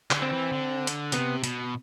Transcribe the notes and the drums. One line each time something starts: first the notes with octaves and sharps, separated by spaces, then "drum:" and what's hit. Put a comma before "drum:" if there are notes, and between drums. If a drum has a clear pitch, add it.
D3, drum: clap
C4
E3
D3
drum: hi-hat
C3 B3, drum: hi-hat
B2, drum: hi-hat